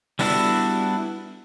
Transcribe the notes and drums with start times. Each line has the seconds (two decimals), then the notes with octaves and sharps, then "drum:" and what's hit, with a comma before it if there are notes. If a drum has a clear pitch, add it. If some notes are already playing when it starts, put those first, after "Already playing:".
0.19 G3 B3 D4 E4 F#4, drum: open hi-hat